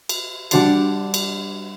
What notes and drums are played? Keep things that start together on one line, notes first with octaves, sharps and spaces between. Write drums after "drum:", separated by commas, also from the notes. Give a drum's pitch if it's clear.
drum: cymbal
G3 D4 F#4 D5 C6 C7, drum: cymbal
drum: cymbal